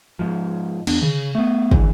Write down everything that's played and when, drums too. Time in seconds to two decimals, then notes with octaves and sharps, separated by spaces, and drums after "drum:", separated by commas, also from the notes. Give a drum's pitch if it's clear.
0.19 G#2 F3
0.87 E2 B3 D4, drum: cymbal
1.02 C#3, drum: tom D3
1.35 A3 B3
1.71 F2 G#2 D3 E3, drum: kick